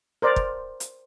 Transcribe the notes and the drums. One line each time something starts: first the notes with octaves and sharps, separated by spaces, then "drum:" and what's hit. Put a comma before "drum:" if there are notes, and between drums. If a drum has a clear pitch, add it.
A#4 C5 D5
drum: kick
drum: hi-hat